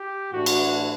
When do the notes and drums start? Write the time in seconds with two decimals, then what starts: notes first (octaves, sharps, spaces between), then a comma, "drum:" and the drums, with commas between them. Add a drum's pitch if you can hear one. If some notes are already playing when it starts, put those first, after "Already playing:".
Already playing: G4
0.32 A2 E3 A3 D4 F#4
0.46 drum: cymbal